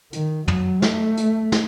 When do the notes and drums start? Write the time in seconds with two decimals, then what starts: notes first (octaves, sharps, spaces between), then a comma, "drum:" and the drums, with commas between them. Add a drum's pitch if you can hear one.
0.13 D#3, drum: hi-hat
0.48 F#3, drum: tom
0.82 A3, drum: snare
1.17 drum: hi-hat
1.52 drum: snare